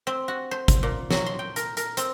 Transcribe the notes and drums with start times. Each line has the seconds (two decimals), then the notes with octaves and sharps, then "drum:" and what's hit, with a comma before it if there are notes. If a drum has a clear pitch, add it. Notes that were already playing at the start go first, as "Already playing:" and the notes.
0.07 C4
0.28 F#4
0.51 C5
0.68 drum: kick, hi-hat
0.83 A#2
1.11 F#3, drum: snare
1.26 C6
1.39 G5
1.56 A#4, drum: hi-hat
1.77 A#4, drum: hi-hat
1.97 C4, drum: hi-hat